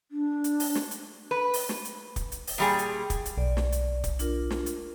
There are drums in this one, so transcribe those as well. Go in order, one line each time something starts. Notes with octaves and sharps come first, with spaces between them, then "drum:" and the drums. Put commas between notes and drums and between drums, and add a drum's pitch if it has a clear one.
D4
drum: hi-hat
drum: open hi-hat
drum: snare
drum: hi-hat
B4
drum: open hi-hat
drum: snare
drum: hi-hat
drum: kick, hi-hat
drum: hi-hat
drum: open hi-hat
A#2 G3 G#4
drum: hi-hat
drum: kick, hi-hat
drum: hi-hat
B1 D5
drum: snare
drum: hi-hat
drum: kick, hi-hat
D4 F4 A#4, drum: hi-hat
drum: snare
drum: hi-hat